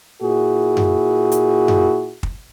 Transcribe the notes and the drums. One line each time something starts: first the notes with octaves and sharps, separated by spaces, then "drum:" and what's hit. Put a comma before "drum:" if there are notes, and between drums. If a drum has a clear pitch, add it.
A#2 E4 F#4 G#4
drum: tom F#2
drum: hi-hat
drum: tom F#2
drum: kick